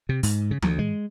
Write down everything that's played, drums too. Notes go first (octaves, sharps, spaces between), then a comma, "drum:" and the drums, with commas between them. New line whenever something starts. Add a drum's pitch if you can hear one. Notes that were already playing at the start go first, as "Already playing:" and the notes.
C3
G#2, drum: open hi-hat
C#3
D2, drum: tom E3
G#3